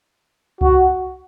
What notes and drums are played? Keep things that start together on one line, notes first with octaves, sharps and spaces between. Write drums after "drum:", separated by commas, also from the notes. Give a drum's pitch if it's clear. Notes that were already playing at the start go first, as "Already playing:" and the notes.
F#4, drum: kick C2